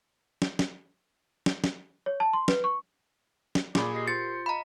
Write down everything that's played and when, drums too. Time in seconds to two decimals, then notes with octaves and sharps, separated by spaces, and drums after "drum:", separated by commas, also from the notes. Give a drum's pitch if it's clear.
0.42 drum: snare
0.59 drum: snare
1.46 drum: snare
1.64 drum: snare
2.06 C#5
2.20 A5
2.33 C6
2.48 B4, drum: snare
2.64 C#6
3.55 drum: snare
3.75 A#2 G#4 D5 B5, drum: snare
3.94 G4 A#4 D#5 C7
4.08 F4 C5 A6 C#7
4.46 D#5 F5 A#5 B5 B6